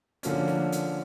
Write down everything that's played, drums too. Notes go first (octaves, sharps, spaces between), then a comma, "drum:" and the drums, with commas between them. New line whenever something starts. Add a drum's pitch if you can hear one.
D3 F3 A#3 C#4, drum: hi-hat
drum: snare
drum: hi-hat